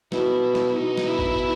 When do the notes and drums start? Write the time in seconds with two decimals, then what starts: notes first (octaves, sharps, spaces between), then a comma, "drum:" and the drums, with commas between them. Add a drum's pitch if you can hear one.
0.12 B2 E4, drum: snare
0.55 drum: snare
0.76 B2 D#4
0.98 drum: snare
1.08 E4
1.19 drum: kick